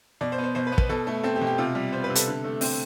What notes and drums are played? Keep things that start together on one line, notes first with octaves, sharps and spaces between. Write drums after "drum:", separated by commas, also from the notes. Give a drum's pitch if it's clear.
B2 D5
C5
B3
C5
B2 C5
B4
B3
B4, drum: kick
B2 A4
A3
C4 A4
G4
B2
G4
C3 F4
G3
B3 C5
B4
C3
A4, drum: hi-hat
D3
A3
C4, drum: open hi-hat